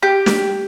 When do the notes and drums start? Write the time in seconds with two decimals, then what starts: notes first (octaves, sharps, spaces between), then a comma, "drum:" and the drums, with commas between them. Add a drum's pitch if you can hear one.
0.03 G4
0.26 drum: snare